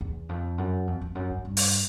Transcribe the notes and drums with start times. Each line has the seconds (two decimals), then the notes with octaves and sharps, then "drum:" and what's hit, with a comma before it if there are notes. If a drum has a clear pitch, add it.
0.01 E2
0.29 F2
0.58 F#2
0.87 F2
1.01 F2
1.15 F#2
1.30 G2
1.45 G2
1.57 drum: open hi-hat